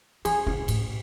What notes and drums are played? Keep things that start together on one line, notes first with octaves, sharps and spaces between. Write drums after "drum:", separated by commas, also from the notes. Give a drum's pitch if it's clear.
E3 G#4, drum: cymbal
C#3, drum: tom A2
A2, drum: cymbal